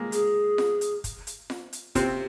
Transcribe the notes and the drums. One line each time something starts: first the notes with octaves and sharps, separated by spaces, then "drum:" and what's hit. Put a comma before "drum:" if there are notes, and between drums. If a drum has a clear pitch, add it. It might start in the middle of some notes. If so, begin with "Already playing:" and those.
Already playing: G#3 A#3
G#4, drum: hi-hat
drum: snare F4
drum: hi-hat
drum: kick, hi-hat
drum: hi-hat
drum: snare F4
drum: hi-hat
C3 C4, drum: kick, hi-hat